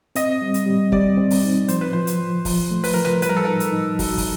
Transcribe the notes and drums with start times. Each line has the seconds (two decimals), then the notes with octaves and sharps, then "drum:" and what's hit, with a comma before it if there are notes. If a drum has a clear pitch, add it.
0.15 C4 D#5, drum: hi-hat
0.42 G3
0.54 drum: hi-hat
0.66 G3
0.92 G3 D5, drum: kick
1.17 C4
1.31 drum: open hi-hat
1.44 D#4
1.68 F3 C5, drum: hi-hat
1.81 B4
1.93 F3 C5
2.07 drum: hi-hat
2.19 F3
2.45 F3, drum: kick, open hi-hat
2.71 A3
2.84 B4, drum: open hi-hat
2.94 F3 A#4
3.05 B4, drum: snare
3.22 G3 B4, drum: hi-hat
3.29 A#4
3.37 A4
3.45 D#4 A#4
3.60 drum: hi-hat
3.72 D#4
3.99 F#4, drum: kick, open hi-hat
4.17 drum: kick, open hi-hat